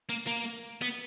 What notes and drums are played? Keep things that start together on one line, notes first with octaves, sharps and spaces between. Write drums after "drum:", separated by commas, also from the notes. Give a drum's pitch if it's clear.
A#3
A#3, drum: hi-hat
B3, drum: open hi-hat